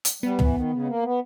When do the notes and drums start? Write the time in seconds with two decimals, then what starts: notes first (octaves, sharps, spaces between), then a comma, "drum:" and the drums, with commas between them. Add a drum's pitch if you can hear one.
0.05 drum: hi-hat
0.23 G3 B3
0.39 E3, drum: tom
0.55 D#3
0.71 C#3
0.82 G#3
0.87 A#3
1.03 B3